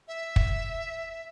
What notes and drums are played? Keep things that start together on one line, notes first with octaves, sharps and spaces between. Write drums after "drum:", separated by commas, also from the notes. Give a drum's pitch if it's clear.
E5
drum: kick